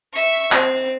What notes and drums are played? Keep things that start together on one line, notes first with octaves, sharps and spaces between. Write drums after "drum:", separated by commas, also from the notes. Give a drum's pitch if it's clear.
E5 C#6
C4, drum: clap
drum: hi-hat